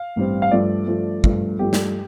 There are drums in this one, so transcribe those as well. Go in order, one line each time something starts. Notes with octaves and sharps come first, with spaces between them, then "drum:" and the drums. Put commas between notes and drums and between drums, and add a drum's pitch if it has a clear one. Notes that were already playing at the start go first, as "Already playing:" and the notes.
Already playing: F5
A1 G2 G3 C4
F5
G2 F3 A3 D5
G2 F3 A3
G2 F3 A3, drum: kick
G2 F3 A3 G4
drum: snare